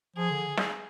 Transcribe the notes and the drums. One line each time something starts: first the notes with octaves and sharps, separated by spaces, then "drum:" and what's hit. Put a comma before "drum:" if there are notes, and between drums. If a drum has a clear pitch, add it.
F3 G#4
D3
drum: snare